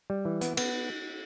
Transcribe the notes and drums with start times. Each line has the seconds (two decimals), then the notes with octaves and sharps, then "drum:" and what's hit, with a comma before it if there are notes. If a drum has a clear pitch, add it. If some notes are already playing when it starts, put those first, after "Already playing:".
0.10 G3
0.25 E3
0.41 B3, drum: hi-hat
0.57 B3, drum: cymbal